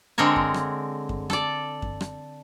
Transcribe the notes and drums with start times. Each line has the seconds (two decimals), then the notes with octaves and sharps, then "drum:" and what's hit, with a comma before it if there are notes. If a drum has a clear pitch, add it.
0.18 D3 G#3 C4 A#4 C#5
0.36 drum: kick F#2
0.54 drum: rim click
1.09 drum: kick F#2
1.30 A4 D5, drum: rim click
1.82 drum: kick F#2
2.01 drum: rim click